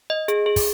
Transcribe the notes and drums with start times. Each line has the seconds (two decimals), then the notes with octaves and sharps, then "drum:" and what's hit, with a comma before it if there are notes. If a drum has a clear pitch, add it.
0.10 D#5
0.28 G#4, drum: hi-hat
0.46 G#4
0.56 drum: kick, open hi-hat